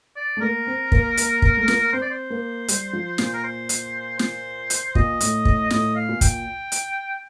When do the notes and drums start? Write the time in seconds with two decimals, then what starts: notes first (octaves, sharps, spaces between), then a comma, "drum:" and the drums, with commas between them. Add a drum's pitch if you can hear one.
0.16 D5
0.37 A3
0.41 A#3 A#4
0.67 C4
0.92 A#3, drum: kick
1.17 A#3, drum: hi-hat
1.42 A#3, drum: kick
1.57 A3
1.68 A#3, drum: snare
1.93 C4 C5
2.02 D5
2.11 C5
2.30 A#3
2.68 G3, drum: hi-hat
2.93 F3
3.18 A#2, drum: snare
3.34 A#4
3.44 C5
3.69 drum: hi-hat
4.19 C5, drum: snare
4.70 drum: hi-hat
4.95 A#2 D#5, drum: kick
5.20 A2, drum: hi-hat
5.45 A2, drum: kick
5.70 A2 D#5, drum: snare
5.96 F5
6.09 A#2
6.21 G5, drum: kick, hi-hat
6.72 drum: hi-hat